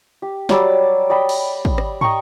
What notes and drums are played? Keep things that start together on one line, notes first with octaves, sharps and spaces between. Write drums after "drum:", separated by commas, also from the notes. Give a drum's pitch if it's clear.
G4
F#3 G3 D5 E6, drum: snare
D5 D#5 G5 B5
drum: cymbal
drum: kick
drum: rim click
D#5 G5 A#5 C#6, drum: tom